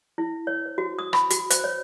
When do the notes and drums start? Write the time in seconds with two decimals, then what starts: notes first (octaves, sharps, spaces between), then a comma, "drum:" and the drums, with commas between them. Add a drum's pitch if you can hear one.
0.18 E4
0.47 C#5
0.66 C5
0.78 F#4
0.99 D#6
1.13 B5, drum: rim click
1.30 F#4, drum: hi-hat
1.50 C5, drum: hi-hat
1.64 C#5